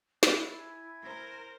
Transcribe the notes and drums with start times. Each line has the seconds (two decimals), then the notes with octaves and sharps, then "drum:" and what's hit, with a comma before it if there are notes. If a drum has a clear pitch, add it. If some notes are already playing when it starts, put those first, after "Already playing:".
0.23 D4 E4, drum: snare
0.60 G#5
1.04 A#4 C5